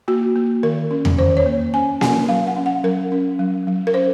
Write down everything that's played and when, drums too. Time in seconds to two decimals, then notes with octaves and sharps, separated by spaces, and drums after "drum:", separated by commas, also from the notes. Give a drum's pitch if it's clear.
0.08 A#3 F#4
0.36 A#3
0.63 D#3 A#4
0.91 C#4
1.05 drum: tom E2
1.19 D#3 C5
1.37 C#5
1.46 A#3
1.74 C#4 G#5
2.01 C#4 G#5, drum: snare A#3
2.29 F#3 F5
2.47 F#5
2.57 C#4
2.66 F#5
2.84 F#3 A#4
3.12 C#4
3.39 F#3
3.67 F#3
3.87 A#4
3.94 C#4 C5